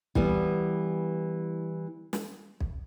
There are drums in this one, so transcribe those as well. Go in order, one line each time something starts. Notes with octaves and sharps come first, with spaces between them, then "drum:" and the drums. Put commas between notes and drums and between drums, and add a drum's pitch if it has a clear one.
E3 G3 B3, drum: kick B1
drum: snare
drum: kick B1